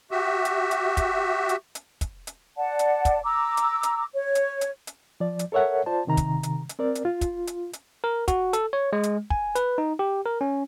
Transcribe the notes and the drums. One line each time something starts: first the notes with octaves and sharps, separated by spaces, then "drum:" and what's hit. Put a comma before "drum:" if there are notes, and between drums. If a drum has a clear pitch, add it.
F#4 G4 E5
drum: hi-hat
drum: hi-hat
drum: kick, hi-hat
drum: hi-hat
drum: hi-hat
drum: kick, hi-hat
drum: hi-hat
D5 F#5 A5
drum: hi-hat
drum: kick, hi-hat
A#5 D6 E6
drum: hi-hat
drum: hi-hat
C#5
drum: hi-hat
drum: hi-hat
drum: hi-hat
F3 D5
drum: hi-hat
A4 A#4 C#5 E5 F#5
F4 C5 D5 A5
C3 D#3 A#5
drum: kick, hi-hat
drum: hi-hat
drum: hi-hat
C4 A#4 D5
drum: hi-hat
F4
drum: kick, hi-hat
drum: hi-hat
drum: hi-hat
A#4
F#4, drum: kick, hi-hat
A4, drum: hi-hat
C#5
G#3
drum: hi-hat
G#5, drum: kick
B4, drum: hi-hat
D#4
G4
A#4
C#4